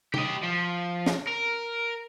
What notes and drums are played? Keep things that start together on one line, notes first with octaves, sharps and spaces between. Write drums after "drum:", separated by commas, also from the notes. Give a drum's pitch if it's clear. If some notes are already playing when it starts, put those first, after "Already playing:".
G4 D#5, drum: tom C3
F3
drum: snare
A#4